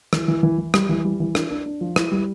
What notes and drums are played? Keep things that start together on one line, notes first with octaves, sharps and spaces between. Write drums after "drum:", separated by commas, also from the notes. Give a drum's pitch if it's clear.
E3, drum: rim click
E3
E3
E3
G3, drum: rim click
E3
G3
E3
D4, drum: rim click
D4
D4
F3
E4, drum: rim click
G3